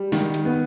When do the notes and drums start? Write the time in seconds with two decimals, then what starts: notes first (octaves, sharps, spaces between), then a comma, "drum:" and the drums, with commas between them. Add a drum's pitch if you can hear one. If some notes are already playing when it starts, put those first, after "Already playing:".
Already playing: G3
0.12 D#3, drum: snare
0.34 drum: hi-hat
0.45 B3